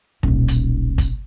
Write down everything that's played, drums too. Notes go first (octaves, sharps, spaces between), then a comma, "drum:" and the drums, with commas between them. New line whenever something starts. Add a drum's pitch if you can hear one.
D#1 B1, drum: kick
drum: hi-hat
drum: kick, hi-hat